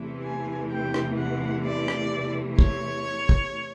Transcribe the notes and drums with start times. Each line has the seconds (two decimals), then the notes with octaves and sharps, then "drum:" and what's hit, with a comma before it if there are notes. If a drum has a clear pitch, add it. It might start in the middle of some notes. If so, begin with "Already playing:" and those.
Already playing: E2 C3 E3 A3
0.23 G#5
0.71 G5
0.94 drum: rim click
1.18 F#5
1.65 D5
1.88 drum: rim click
2.59 C#5, drum: kick
3.29 drum: kick